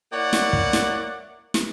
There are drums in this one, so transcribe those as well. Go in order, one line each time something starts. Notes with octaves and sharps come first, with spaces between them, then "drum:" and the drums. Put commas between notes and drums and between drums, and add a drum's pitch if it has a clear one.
A#3 E4 C#5 D5 F#5
drum: snare
drum: kick
drum: snare
drum: snare